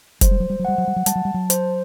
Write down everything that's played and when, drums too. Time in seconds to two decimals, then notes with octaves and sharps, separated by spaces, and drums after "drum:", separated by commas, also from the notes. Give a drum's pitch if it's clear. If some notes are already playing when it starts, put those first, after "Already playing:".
0.21 F#3 C5, drum: kick, hi-hat
0.31 G3
0.40 F#3
0.50 G3
0.59 F#3
0.65 G3 F#5
0.78 F#3
0.88 G3
0.96 F#3
1.06 G3 A5, drum: hi-hat
1.15 F#3
1.25 G3
1.34 F#3
1.50 C5, drum: hi-hat